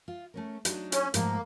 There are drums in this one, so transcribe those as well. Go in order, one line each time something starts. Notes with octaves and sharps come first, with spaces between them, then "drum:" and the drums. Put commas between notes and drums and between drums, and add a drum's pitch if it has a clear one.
F4
A3 C#4 A#4
F#3 D4 D#4, drum: hi-hat
C#4, drum: hi-hat
G#2 F3 A3 A#3, drum: hi-hat